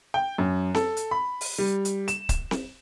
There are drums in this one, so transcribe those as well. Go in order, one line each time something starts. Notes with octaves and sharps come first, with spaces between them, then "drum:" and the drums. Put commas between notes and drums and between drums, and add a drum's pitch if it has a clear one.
G5
F#2
A4, drum: snare C4
drum: hi-hat
B5
drum: open hi-hat
G3
drum: hi-hat
E7, drum: hi-hat
drum: kick C#1, hi-hat
drum: snare C4